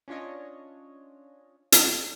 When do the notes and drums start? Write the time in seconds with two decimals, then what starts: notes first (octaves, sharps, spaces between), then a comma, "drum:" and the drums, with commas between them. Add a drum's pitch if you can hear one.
0.08 C#4 D4 F4 C#5 D#5
1.72 drum: hi-hat